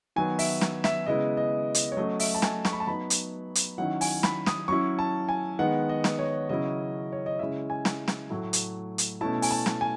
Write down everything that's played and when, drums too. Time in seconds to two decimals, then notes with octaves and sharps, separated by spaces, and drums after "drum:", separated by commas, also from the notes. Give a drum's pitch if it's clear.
0.16 D#3 F#3 B3 G#5
0.39 E5, drum: open hi-hat
0.61 drum: snare
0.84 E5, drum: snare
1.06 C#3 G#3 B3 E4 D#5
1.37 D#5
1.75 drum: hi-hat
1.92 C#5
1.97 F#3 A3 C#4 D#5
2.20 E5, drum: open hi-hat
2.35 A5
2.42 G#5, drum: snare
2.65 C#6, drum: snare
2.72 B5
2.80 A5
2.87 F#3 B3 D#4 B5
3.10 drum: hi-hat
3.55 drum: hi-hat
3.78 D#3 F#3 C#4 E4 F#5
4.01 G#5, drum: open hi-hat
4.23 B5, drum: snare
4.46 D#6, drum: snare
4.68 F#3 C#4 E4 C#6
4.99 A5
5.29 G#5
5.59 D#3 G#3 B3 F#5
5.89 D#5
6.04 drum: snare
6.19 C#5
6.49 C#3 F#3 C#4 E4 D#5
7.12 C#5
7.26 D#5
7.39 C#3 G#3 C#4 E4 E5
7.70 G#5
7.85 drum: snare
8.08 drum: snare
8.30 A2 F#3 A3 E4
8.53 drum: hi-hat
8.98 drum: hi-hat
9.21 B2 A3 C#4 E4 A5
9.42 G#5, drum: open hi-hat
9.51 A5
9.66 drum: snare
9.81 G#5